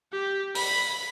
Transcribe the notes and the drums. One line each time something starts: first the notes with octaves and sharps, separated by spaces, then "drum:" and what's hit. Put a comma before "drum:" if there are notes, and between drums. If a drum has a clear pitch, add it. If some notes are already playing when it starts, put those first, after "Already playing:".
G4
B5, drum: open hi-hat